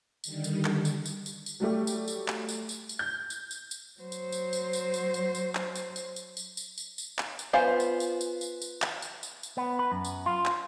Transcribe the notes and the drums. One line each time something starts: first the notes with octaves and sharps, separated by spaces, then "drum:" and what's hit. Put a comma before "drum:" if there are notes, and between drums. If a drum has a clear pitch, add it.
D3 D#3 G3, drum: tambourine
drum: tambourine
drum: clap
drum: tambourine
drum: tambourine
drum: tambourine
drum: tambourine
F#3 G3 A3 G4
drum: tambourine
drum: tambourine
drum: clap
drum: tambourine
drum: tambourine
drum: tambourine
G6
drum: tambourine
drum: tambourine
drum: tambourine
F#3 C5
drum: tambourine
drum: tambourine
drum: tambourine
drum: tambourine
drum: tambourine
drum: tambourine
drum: tambourine
drum: clap
drum: tambourine
drum: tambourine
drum: tambourine
drum: tambourine
drum: tambourine
drum: tambourine
drum: tambourine
drum: clap
drum: tambourine
B3 F4 C5 F5 G#5
drum: tambourine
drum: tambourine
drum: tambourine
drum: tambourine
drum: tambourine
drum: clap
drum: tambourine
drum: tambourine
drum: tambourine
B3
B4
F#2
drum: tambourine
F4
drum: clap